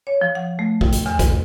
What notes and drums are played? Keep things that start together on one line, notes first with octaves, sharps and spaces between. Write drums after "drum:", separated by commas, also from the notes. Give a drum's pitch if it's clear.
C#5
F3
F#5
A3
G5, drum: kick
drum: hi-hat
E2, drum: rim click
drum: kick, hi-hat